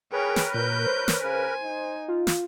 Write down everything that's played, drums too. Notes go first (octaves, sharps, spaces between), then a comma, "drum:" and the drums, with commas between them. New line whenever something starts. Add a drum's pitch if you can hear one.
G#4 A#4 B4 C#5 G5
drum: snare
A#2 C#5 G6
C5
drum: snare
C#3 G#5
D#4
F4
drum: snare